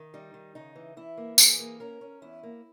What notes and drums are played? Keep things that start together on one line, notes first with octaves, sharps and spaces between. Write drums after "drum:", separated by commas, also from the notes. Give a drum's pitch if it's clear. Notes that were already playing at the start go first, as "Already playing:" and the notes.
Already playing: D#3
G3 D#4
D#3
C#3 D#4
E3
E3 E4
A#3
E3 G#4, drum: tambourine
A#3
C#4 A#4
C#4
E2 E4
A#3